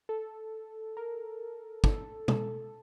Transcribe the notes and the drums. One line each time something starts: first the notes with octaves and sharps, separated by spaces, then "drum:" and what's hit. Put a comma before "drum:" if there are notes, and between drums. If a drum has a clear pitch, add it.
A4
A#4
A4, drum: kick
A4, drum: tom